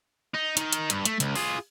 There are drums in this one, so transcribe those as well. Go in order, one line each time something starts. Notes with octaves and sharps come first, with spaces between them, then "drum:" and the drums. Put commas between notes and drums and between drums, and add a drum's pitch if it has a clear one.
D#4
D#3 D#4, drum: hi-hat
drum: hi-hat
G2, drum: hi-hat
A3, drum: hi-hat
C#2, drum: hi-hat
F4 G#4, drum: open hi-hat